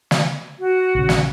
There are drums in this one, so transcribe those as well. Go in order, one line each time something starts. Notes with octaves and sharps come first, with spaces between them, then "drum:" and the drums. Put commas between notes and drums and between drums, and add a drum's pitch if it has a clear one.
drum: snare
F#4
A#1 C#3
drum: snare